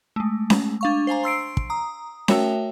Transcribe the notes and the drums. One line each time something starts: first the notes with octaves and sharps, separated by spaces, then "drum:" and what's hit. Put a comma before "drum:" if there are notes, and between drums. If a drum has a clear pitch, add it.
G#3 A3
drum: snare C#4
D4 F5 C#6
C5 F5 G#5 A#5
C6 E6 C7 D7
drum: kick
A#5 D#6
A3 F#4 A#4 C#5 E5 G5, drum: snare C#4